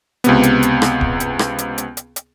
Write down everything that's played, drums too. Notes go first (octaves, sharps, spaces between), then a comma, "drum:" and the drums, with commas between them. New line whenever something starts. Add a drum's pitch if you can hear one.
C#2 C3 B3, drum: hi-hat
drum: hi-hat
drum: hi-hat
drum: rim click
drum: kick
drum: hi-hat
drum: rim click
drum: hi-hat
drum: hi-hat
drum: hi-hat
drum: hi-hat